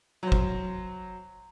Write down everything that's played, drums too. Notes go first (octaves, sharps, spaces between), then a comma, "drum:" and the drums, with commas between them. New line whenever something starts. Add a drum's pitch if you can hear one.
F#3 C5
drum: kick